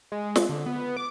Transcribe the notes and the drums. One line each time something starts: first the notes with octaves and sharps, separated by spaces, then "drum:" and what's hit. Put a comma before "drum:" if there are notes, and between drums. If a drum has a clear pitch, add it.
G#3
drum: snare
D3
B3
D6